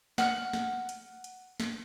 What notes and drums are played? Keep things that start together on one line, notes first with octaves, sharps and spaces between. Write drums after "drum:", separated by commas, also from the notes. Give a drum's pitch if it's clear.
F#5 F6, drum: snare
drum: snare
drum: hi-hat
drum: hi-hat
drum: snare